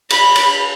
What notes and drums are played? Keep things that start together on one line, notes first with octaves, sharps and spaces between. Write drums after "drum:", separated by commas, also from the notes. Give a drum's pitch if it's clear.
B5, drum: cymbal
drum: cymbal